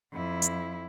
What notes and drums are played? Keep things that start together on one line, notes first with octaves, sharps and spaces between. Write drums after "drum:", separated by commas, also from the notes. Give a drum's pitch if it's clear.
F2 E4
drum: hi-hat